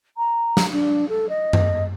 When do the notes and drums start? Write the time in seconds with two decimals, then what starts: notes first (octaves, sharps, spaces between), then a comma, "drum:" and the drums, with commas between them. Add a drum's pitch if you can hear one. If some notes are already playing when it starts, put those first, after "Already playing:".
0.17 A#5
0.57 drum: snare
0.72 D4
1.09 A4
1.29 D#5
1.53 drum: tom F#2